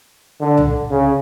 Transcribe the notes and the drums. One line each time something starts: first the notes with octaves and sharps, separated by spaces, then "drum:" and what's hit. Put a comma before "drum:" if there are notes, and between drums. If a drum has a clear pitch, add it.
D3
drum: tom C2
C#3